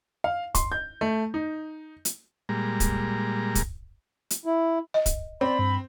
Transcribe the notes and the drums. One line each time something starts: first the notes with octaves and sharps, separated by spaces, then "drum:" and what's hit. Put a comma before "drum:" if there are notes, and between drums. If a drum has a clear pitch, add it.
F5
C6, drum: kick, hi-hat
G6
A3
D#4
drum: hi-hat
A#2 G3 G#3 A#5
drum: kick, hi-hat
drum: kick, hi-hat
drum: hi-hat
E4
D#5
drum: kick, hi-hat
C4 D5 B5
G2